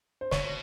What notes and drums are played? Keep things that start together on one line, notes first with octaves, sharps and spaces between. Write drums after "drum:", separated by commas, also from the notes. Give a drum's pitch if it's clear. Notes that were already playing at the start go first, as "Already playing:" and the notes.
C5
B2 C#5, drum: snare